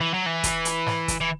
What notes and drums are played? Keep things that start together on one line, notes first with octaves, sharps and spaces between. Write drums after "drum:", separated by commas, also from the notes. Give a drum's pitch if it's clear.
E3
F#3
E3
drum: kick, hi-hat
drum: hi-hat
drum: snare G#2
drum: kick, hi-hat
E3